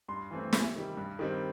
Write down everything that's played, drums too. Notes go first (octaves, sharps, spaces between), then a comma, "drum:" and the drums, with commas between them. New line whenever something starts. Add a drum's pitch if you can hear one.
G2 C6
E3 A3 C4
C3 B5, drum: snare
D#3 G3
G2
D#3 G3 C4